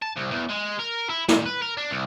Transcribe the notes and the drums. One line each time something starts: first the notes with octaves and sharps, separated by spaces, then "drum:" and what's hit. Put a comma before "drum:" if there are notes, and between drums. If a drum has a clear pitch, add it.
A5
C2
E2
G#3
A#4
E4
A#2, drum: snare
B4
A#4
D4
C2